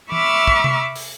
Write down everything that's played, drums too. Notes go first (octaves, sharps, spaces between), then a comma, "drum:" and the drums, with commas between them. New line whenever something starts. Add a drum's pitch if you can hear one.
E5 B5 C#6 D6 E6 F6, drum: tom E3
drum: kick
drum: tom C3
drum: open hi-hat